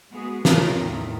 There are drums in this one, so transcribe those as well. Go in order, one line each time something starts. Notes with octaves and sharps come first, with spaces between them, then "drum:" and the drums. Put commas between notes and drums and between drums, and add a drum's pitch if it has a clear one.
G#3 B3 F#4 G#4
D#4 F4 A#4 C#5, drum: snare
E2 A2 D#3